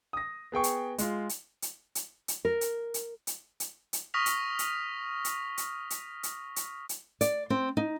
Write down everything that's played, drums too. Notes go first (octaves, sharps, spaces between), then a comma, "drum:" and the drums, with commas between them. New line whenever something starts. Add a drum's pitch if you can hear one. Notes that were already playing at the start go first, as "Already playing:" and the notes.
D#6 A#6
B3 G#4 G5 C#6
drum: hi-hat
G#3 F4, drum: hi-hat
drum: hi-hat
drum: hi-hat
drum: hi-hat
drum: hi-hat
A#4
drum: hi-hat
drum: hi-hat
drum: hi-hat
drum: hi-hat
drum: hi-hat
C#6 D#6 F6 A#6 B6 F7
drum: hi-hat
drum: hi-hat
drum: hi-hat
drum: hi-hat
drum: hi-hat
drum: hi-hat
drum: hi-hat
drum: hi-hat
D5, drum: hi-hat
C4
D#4